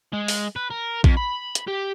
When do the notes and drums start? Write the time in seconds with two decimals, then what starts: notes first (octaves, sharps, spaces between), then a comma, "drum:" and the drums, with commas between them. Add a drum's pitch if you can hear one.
0.13 G#3
0.28 drum: open hi-hat
0.56 B4
0.70 A#4
1.04 F2, drum: kick A#1
1.17 B5
1.55 drum: hi-hat
1.67 G4